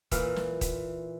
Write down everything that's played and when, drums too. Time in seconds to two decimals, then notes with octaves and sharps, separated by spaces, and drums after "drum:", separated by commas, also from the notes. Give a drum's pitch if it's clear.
0.11 A#2 E3 F6, drum: kick D#1, hi-hat
0.36 drum: snare
0.61 drum: kick D#1, hi-hat